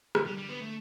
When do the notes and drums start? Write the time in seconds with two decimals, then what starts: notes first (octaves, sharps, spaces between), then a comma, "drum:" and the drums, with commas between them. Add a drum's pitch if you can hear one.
0.15 D3, drum: rim click
0.26 G3
0.37 G3
0.49 B3
0.61 A3